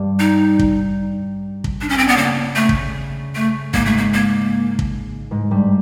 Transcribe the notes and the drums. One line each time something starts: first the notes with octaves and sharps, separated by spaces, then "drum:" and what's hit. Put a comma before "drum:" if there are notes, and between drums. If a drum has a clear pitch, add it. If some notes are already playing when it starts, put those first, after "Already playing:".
Already playing: G2 G3
D#4
drum: kick
drum: kick
D4
C#4
C4
B3 D4
C#3 A#3 C#4
A3
drum: kick
A3
G#2 G#3 A#3, drum: kick
A3
A#3
A#3
drum: kick
G#2 G#3
G2 G3